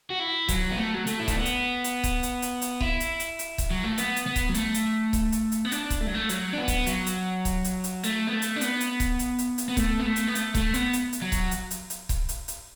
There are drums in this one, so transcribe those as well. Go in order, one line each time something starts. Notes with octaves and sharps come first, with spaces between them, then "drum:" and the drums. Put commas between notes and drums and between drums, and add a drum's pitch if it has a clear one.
F#4
E4
F#3, drum: kick C#1, hi-hat
B3
A3
F#3
A3, drum: hi-hat
E4
D4, drum: kick C#1, hi-hat
B3
drum: hi-hat
drum: hi-hat
drum: kick C#1, hi-hat
drum: hi-hat
drum: hi-hat
drum: hi-hat
E4, drum: kick C#1
drum: hi-hat
drum: hi-hat
drum: hi-hat
drum: kick C#1, hi-hat
F#3
A3
B3, drum: hi-hat
drum: hi-hat
B3
drum: kick C#1, hi-hat
F#3
A3, drum: hi-hat
drum: hi-hat
drum: kick C#1, hi-hat
drum: hi-hat
drum: hi-hat
B3
D4, drum: hi-hat
drum: kick C#1, hi-hat
A3
F#3
A3
F#3, drum: hi-hat
D4
B3
drum: kick C#1, hi-hat
F#3, drum: hi-hat
drum: hi-hat
drum: kick C#1, hi-hat
drum: hi-hat
drum: hi-hat
A3, drum: hi-hat
B3
A3
drum: hi-hat
D4
B3, drum: hi-hat
drum: hi-hat
drum: kick C#1, hi-hat
drum: hi-hat
drum: hi-hat
drum: hi-hat
B3
A3, drum: kick C#1, hi-hat
B3
A3
drum: hi-hat
B3
A3, drum: hi-hat
A3, drum: kick C#1, hi-hat
B3, drum: hi-hat
drum: hi-hat
drum: hi-hat
F#3
drum: kick C#1, hi-hat
drum: hi-hat
drum: hi-hat
drum: hi-hat
drum: kick C#1, hi-hat
drum: hi-hat
drum: hi-hat